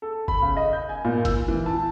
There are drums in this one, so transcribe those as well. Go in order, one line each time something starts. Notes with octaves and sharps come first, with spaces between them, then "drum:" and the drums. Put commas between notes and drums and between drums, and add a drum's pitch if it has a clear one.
A4
B5, drum: kick F#1
C#3
D#5
G6
G#5
A#2
E6, drum: kick F#1, hi-hat
E3
A5